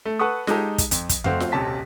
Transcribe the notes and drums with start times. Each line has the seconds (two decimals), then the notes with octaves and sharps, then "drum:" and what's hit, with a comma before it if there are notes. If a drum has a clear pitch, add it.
0.05 A3
0.19 A4 B4 F#5 C#6 D#6
0.47 G#3 D#4 G4 A4, drum: snare F4
0.78 drum: kick, hi-hat
0.91 F2, drum: hi-hat
1.09 drum: kick, hi-hat
1.24 F2 A3 C4 F#4 F5, drum: tom F2
1.40 drum: snare F4
1.52 D#1 B1 C3 C#4 A5 B6